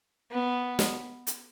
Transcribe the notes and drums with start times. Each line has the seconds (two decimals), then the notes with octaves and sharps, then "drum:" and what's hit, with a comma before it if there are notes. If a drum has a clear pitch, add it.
0.31 B3
0.79 drum: snare
1.27 drum: hi-hat